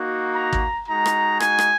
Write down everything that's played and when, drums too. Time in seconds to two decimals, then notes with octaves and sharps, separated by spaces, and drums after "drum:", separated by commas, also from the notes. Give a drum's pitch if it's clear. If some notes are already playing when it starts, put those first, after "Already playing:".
Already playing: A#3 D#4 F#4
0.35 A#5
0.53 drum: kick
0.87 G#3 D#4 F#4 A#5
1.06 drum: rim click
1.40 G#5, drum: rim click
1.58 drum: rim click